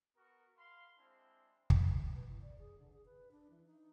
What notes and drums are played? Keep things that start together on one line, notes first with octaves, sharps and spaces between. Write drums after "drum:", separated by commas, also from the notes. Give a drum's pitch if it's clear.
B3 F#4 A#4 C#6
F5 B5 C6
G#3 C4 D4 E4
drum: kick
B4
E3
D5
G#4
D3
G#4
B4
D4
E3
D#4